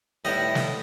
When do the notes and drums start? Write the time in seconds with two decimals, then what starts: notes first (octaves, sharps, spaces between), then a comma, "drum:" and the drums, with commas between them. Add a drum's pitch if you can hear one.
0.25 A2 G3 B3 E4 D#5
0.55 drum: snare